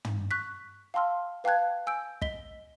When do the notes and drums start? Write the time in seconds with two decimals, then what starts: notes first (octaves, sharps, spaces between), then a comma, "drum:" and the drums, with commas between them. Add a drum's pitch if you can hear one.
0.05 drum: tom
0.31 C#6 F#6 B6
0.94 F5 G5 A5 C6 E6 F6
1.44 B4 F5 G5 A5 F#6 G#6
1.87 G#5 E6 G6 D7
2.22 D#5 B6 G7, drum: kick